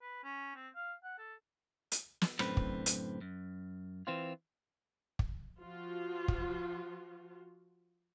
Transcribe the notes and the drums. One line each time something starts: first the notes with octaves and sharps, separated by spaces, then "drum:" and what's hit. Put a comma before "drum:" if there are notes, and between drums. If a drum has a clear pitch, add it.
B4
C#4
C4
F5
F#5
A4
drum: hi-hat
drum: snare
F#2 A2 D3 C4 B4, drum: rim click
drum: kick
drum: hi-hat
F#2
E3 C4 F4
drum: kick
F3 F4 F#4
drum: kick